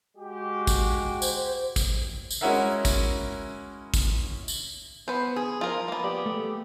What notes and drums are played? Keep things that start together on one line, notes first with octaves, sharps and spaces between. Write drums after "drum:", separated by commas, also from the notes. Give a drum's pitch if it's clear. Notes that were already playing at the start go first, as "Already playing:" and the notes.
G#3 F#4 G4
drum: kick, tambourine
C5, drum: tambourine
drum: kick, tambourine
drum: tambourine
G#3 C#4 E4 F#4 A#4 E5
drum: kick, tambourine
drum: kick, tambourine
drum: tambourine
B3 B4 C5
G#4
F3 F4 A#4
A#3 B3
G4 D5
A3